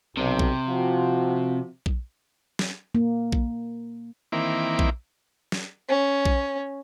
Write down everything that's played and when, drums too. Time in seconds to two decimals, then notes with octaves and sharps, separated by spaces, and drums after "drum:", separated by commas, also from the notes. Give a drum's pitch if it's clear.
0.17 B1 C3
0.39 drum: kick A#1
0.67 F3 F4 F#4
1.86 drum: kick A#1
2.59 drum: snare
2.95 A#3
3.32 drum: kick A#1
4.32 D#3 E3 A#3 C4 E4 D6
4.79 drum: kick A#1
5.52 drum: snare
5.89 C#4
6.25 drum: kick A#1